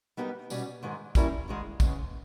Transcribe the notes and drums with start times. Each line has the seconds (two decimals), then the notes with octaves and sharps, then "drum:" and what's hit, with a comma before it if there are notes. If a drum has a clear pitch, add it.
0.17 G3 B3 D#4 G4 A#4
0.50 B2 G3 C#4, drum: tambourine
0.83 G#2 D#3 G#3
1.15 G3 A#3 C#4 E4 A#4, drum: kick, tambourine
1.48 G#2 D#3 G#3
1.80 E2 C#3 G#3 C#4, drum: kick, tambourine